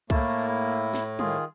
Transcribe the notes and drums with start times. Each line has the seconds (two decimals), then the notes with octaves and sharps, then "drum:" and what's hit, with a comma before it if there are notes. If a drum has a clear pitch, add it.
0.10 A2 A3 A#3 E4 A5, drum: kick C2
0.48 E4
0.94 drum: snare
1.19 D#3 F4 G#4, drum: tom G3